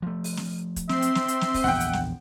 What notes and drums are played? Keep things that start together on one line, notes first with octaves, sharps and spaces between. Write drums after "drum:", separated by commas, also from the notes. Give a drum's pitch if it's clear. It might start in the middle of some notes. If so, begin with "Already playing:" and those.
F3 A3
drum: open hi-hat
drum: snare
drum: kick, hi-hat
C4 E5 C6, drum: snare
drum: hi-hat
drum: snare
drum: hi-hat
drum: snare
drum: kick, open hi-hat
A#1 E2 A#2 F#5 G5
drum: hi-hat
drum: snare